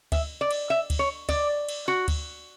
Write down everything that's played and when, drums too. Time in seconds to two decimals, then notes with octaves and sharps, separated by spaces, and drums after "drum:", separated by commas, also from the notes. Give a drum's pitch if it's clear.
0.12 E5, drum: kick D2, cymbal
0.41 D5
0.51 drum: cymbal
0.70 E5
0.90 drum: kick D2, cymbal
0.99 C#5
1.29 D5, drum: kick D2, cymbal
1.69 drum: cymbal
1.88 F#4
2.08 drum: kick D2, cymbal